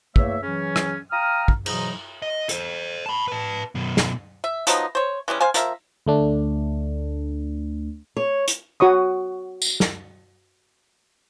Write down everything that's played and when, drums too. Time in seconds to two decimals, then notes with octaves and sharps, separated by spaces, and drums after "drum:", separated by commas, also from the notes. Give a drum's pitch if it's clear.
0.16 E2 A3 A#3 C#5 E5, drum: kick
0.43 C#3 E3 F#3 C#4
0.76 drum: rim click
1.11 F5 G5 A#5 D#6 F6
1.48 drum: kick
1.66 G#2 B2 E3 F#3 D#4, drum: cymbal
2.22 D#5
2.49 A4 C5, drum: hi-hat
3.06 A5 B5
3.28 B4 A5
3.75 F#2 B2
3.97 drum: snare
4.44 E5
4.67 F3 F#3 B3 D#4, drum: hi-hat
4.95 C5 C#5
5.28 E3 G3 G#3 C#4
5.41 C5 F5 G#5
5.54 F3 A#4 E5, drum: hi-hat
6.07 D2 A3 D4
8.17 C#5
8.48 drum: hi-hat
8.80 F#4 C#5 C#6 D#6
9.62 drum: tambourine
9.80 drum: snare